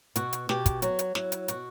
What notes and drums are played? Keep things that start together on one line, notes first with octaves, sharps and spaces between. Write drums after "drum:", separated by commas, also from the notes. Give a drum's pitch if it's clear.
B2 F#4, drum: hi-hat
drum: hi-hat
B2 G4, drum: snare
drum: kick, hi-hat
F#3 F#4, drum: hi-hat
drum: hi-hat
F#3 E4, drum: snare
drum: hi-hat
B2 F#4, drum: hi-hat